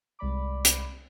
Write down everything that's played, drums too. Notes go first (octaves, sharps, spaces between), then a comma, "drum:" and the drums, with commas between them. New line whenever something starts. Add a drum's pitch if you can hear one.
C2 G#3 D5 B5 D6
drum: hi-hat